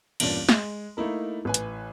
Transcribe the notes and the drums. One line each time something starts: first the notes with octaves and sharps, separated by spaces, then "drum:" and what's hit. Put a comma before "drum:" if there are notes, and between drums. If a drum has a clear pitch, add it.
E2 G2 A#2 C#4 D4, drum: cymbal
G#3, drum: snare
A3 A#3 D#4 E4 A#4
A1 B4 G#5
drum: hi-hat